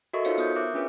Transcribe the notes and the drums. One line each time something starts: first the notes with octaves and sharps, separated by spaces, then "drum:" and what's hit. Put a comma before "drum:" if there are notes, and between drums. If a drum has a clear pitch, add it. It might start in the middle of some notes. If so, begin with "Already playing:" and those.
F#4 A4 A#4 D#5 E5 C#6
D#4 F4 C5 C#5 F5 C#7, drum: tambourine
B3 D#6 G6, drum: tambourine
A#4 E5 D6 F#6
C#4 D4 F4 G#4 B4 C#5